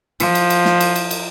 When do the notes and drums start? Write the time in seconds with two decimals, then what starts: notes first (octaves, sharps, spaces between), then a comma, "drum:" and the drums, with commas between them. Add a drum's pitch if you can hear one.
0.20 F3, drum: cymbal
0.35 drum: cymbal
0.50 drum: cymbal
0.65 drum: snare
0.80 drum: cymbal
0.96 drum: cymbal
1.11 drum: cymbal